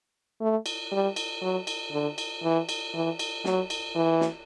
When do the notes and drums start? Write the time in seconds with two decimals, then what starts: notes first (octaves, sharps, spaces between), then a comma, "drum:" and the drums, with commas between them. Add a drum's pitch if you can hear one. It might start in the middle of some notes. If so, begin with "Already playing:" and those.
0.41 A3
0.66 drum: cymbal
0.92 G3
1.16 drum: cymbal
1.42 F#3
1.67 drum: cymbal
1.92 D3
2.18 drum: cymbal
2.43 E3
2.69 drum: cymbal
2.94 E3
3.19 drum: cymbal
3.45 F#3, drum: snare
3.70 drum: cymbal
3.96 E3
4.21 drum: snare